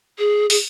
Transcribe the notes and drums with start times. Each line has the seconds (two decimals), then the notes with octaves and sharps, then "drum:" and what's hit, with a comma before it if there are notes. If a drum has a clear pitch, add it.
0.18 G#4
0.50 G#4, drum: open hi-hat